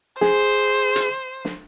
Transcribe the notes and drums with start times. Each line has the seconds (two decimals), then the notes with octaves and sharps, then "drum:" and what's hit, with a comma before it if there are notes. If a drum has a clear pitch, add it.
0.21 G#4 C5, drum: snare
0.96 drum: hi-hat
1.45 drum: snare